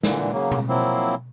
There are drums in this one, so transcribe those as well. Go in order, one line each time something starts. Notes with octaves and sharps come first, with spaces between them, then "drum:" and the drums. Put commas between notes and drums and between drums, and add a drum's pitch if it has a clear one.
A#2 D3 E3, drum: snare
C#3 F#3 A#3
drum: tom B2
F3 F#3 A#3 C4 E4